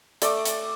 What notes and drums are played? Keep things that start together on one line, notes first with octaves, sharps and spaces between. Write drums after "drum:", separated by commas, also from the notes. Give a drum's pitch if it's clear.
A3 D5, drum: hi-hat
drum: hi-hat